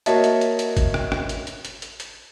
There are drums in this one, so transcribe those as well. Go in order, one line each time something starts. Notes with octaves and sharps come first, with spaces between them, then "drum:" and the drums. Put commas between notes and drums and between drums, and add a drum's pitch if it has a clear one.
A#3 F#4 C#5 D#5 E5 A5, drum: hi-hat
drum: hi-hat
drum: hi-hat
drum: hi-hat
drum: kick G#1, hi-hat
drum: rim click
drum: rim click
drum: hi-hat
drum: hi-hat
drum: hi-hat
drum: hi-hat
drum: hi-hat